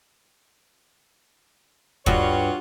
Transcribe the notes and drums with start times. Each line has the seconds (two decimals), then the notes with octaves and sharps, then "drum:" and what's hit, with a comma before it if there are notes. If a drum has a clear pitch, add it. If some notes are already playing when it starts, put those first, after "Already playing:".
2.06 G2 F4 F#4 C#5, drum: kick